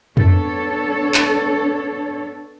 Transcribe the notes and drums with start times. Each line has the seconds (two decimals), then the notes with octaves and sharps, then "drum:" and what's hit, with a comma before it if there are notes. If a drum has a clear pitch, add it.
0.17 B3 D4 A4 C#5, drum: tom F2
1.14 drum: clap